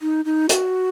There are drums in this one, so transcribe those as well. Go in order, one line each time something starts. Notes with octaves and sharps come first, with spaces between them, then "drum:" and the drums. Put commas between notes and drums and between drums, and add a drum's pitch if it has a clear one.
D#4
D#4
F#4, drum: hi-hat